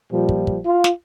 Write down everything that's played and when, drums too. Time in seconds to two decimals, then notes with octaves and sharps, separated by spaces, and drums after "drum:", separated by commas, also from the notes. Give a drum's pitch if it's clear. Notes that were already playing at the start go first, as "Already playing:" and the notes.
0.11 A#2 F3 G3
0.29 drum: kick
0.47 drum: kick
0.66 F4
0.84 drum: snare